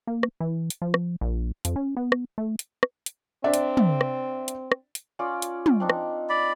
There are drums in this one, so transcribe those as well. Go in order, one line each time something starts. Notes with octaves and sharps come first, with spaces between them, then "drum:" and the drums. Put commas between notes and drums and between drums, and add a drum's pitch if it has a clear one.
A#3
drum: rim click
E3
drum: hi-hat
F3
drum: rim click
A#1
F2, drum: hi-hat
C#4
B3
drum: rim click
A3
drum: hi-hat
drum: rim click
drum: hi-hat
C4 D4 D5 E5
drum: hi-hat
drum: tom
drum: rim click
drum: hi-hat
drum: rim click
drum: hi-hat
C#4 F4 D5
drum: hi-hat
drum: tom
C4 D4 D#4
drum: rim click
D5 B5